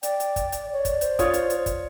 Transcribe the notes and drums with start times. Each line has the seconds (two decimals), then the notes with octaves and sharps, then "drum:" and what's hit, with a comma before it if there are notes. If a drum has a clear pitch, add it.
0.03 D5 G5, drum: hi-hat
0.20 drum: hi-hat
0.36 drum: kick, hi-hat
0.52 drum: hi-hat
0.73 C#5 D5
0.85 drum: kick, hi-hat
1.01 C5, drum: hi-hat
1.19 F4 C#5 D#6, drum: kick, hi-hat
1.34 drum: hi-hat
1.50 drum: hi-hat
1.66 drum: kick, hi-hat